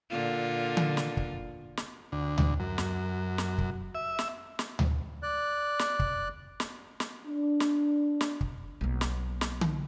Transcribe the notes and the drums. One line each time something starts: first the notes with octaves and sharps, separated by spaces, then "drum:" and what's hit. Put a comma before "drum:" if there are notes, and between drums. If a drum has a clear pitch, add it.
A#2 D3 F4
drum: tom D3
drum: snare
drum: kick
drum: snare
D2
drum: tom D2
F#2
drum: snare
drum: snare
drum: kick
E5
drum: snare
drum: snare
drum: tom D2
D5 F#6
drum: snare
drum: kick
drum: snare
drum: snare
D4
drum: snare
drum: snare
drum: kick
B1 A#3
drum: snare
drum: snare
drum: tom D3